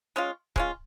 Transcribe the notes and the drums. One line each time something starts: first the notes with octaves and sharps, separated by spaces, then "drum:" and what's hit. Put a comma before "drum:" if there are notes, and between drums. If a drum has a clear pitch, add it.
G#3 C#4 F4
G#3 C#4 F4, drum: kick